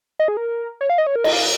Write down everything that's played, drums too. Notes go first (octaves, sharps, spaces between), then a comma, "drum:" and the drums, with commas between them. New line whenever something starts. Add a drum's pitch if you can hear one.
D#5
G#4
A#4
C#5
F5
D#5
C#5
A#4
D#5, drum: cymbal
F5